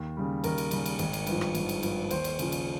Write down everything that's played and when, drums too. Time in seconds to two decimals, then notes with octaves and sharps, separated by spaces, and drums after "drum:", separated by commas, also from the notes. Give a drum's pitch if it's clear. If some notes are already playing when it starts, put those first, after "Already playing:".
Already playing: D#2
0.17 C#3 G3
0.44 D#2 A#4, drum: cymbal
0.58 drum: cymbal
0.71 C#3 G3, drum: cymbal
0.86 drum: cymbal
0.99 G#1, drum: cymbal
1.13 drum: cymbal
1.27 G2 F3, drum: cymbal
1.41 drum: rim click
1.55 G#1, drum: cymbal
1.69 drum: cymbal
1.83 G2 F3, drum: cymbal
2.11 D#2 C5, drum: cymbal
2.24 drum: cymbal
2.39 C#3 F3, drum: cymbal
2.52 drum: cymbal